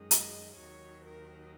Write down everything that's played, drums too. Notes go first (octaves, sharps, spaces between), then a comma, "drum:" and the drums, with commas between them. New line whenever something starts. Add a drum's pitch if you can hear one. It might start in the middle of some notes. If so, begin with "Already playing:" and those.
Already playing: F#2 D#3 G#3
D#5, drum: hi-hat
D#2 D#3 F#3 C#5
A#4